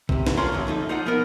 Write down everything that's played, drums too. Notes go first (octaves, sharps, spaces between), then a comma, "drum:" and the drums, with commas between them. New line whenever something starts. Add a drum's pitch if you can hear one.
E2 C3, drum: kick A#1
drum: snare
D3 C#4 F4 D5 A#5 C6
F#2 D3
F3 A3 D#4
D#4 F4 C5 D5 D#5 F#5
F3 B3 D#4 A#4